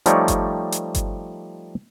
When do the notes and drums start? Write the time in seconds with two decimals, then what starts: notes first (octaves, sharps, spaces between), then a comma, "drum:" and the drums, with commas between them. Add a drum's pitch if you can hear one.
0.06 F3 G3 A3 D#4 C#5 D5, drum: hi-hat
0.28 drum: kick G1, hi-hat
0.72 drum: hi-hat
0.95 drum: kick G1, hi-hat